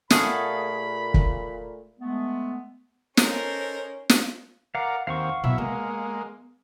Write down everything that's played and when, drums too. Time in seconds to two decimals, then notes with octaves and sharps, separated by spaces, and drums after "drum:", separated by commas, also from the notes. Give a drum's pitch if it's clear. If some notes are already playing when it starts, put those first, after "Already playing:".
0.10 A#2 A3 G#4 F5 F#5 B5, drum: snare
1.14 drum: kick
2.00 G#3 A3 B3
3.17 C#4 D#4 A4 A#4 C5, drum: snare
4.09 drum: snare
4.75 A#4 D5 F5 F#5
5.07 D#2 C4 F5 F#5 C#6
5.44 B2 F#3 E4 E5
5.58 G#3 A#3 B3